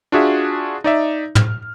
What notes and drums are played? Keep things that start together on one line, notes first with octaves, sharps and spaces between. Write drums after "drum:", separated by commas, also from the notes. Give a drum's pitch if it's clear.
D4 F4 F#4 G#4 E5
D#4 D5 E5
F6, drum: tom